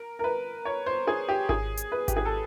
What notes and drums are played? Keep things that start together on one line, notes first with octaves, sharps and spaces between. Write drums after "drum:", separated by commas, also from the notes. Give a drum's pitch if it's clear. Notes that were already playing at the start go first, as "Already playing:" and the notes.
Already playing: A#4
A#4
B4
C#5
C5
G#4
G4
G#4, drum: kick G#1
drum: hi-hat
B4
G4, drum: kick G#1, hi-hat
G#4
A4